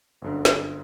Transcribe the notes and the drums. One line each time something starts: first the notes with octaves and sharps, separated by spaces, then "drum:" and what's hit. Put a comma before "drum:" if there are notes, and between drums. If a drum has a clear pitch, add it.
G1 F#2 D3
drum: snare